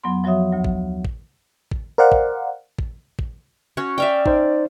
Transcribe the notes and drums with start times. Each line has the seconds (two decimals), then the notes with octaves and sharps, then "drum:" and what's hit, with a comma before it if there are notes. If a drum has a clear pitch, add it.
0.04 F2 F#3 B3 C6
0.24 F3 F#3 F#4 C#5 E5 D#6
0.52 D2 F#3
0.64 drum: kick
1.05 drum: kick
1.71 drum: kick
1.98 A#4 C5 D5 F5 F#5
2.12 drum: kick
2.79 drum: kick
3.19 drum: kick
3.77 C#4 F#4 C#5
3.98 D5 E5 F5 G5
4.26 D#4 C5, drum: kick